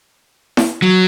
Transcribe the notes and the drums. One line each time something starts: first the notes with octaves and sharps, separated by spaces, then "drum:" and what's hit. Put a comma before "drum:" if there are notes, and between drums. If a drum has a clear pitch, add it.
drum: snare E4
F#3